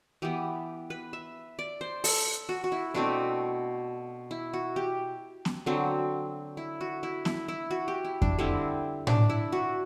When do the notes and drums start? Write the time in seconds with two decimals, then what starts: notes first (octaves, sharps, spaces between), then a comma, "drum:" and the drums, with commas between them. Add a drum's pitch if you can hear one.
0.22 E3 B3 G4
0.90 B4
1.13 E5
1.59 D5
1.81 C5
2.04 A4, drum: open hi-hat
2.49 F#4
2.64 F#4
2.72 E4
2.94 B2 A3 C4 D4
4.31 E4
4.53 F#4
4.76 G4
5.45 drum: snare B3
5.66 D3 F#3 C4
6.57 E4
6.81 F#4
7.03 E4
7.25 E4, drum: snare B3
7.48 E4
7.71 F#4
7.88 G4
8.05 E4
8.22 D4, drum: kick F2
8.39 D3 G3 C4 E4
9.07 D4, drum: tom A2
9.30 E4
9.52 F#4